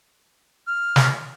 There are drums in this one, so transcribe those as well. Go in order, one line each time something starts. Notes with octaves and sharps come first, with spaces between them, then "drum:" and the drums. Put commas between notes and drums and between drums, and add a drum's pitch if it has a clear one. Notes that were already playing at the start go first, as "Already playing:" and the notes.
F6
drum: snare